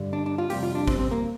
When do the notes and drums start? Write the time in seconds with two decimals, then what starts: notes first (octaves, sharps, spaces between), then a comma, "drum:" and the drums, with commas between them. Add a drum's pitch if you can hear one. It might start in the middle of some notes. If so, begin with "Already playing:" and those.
Already playing: G2 D3 G3
0.13 D4
0.26 D4
0.38 F4
0.50 F2 C3 G3 G4, drum: open hi-hat
0.63 F4
0.75 D4
0.87 C4, drum: kick G#1
0.99 C4
1.11 A#3